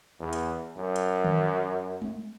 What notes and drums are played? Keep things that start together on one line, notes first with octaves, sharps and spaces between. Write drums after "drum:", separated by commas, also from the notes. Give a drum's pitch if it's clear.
E2
drum: hi-hat
F#2
drum: hi-hat
drum: tom D#3
drum: tom G#3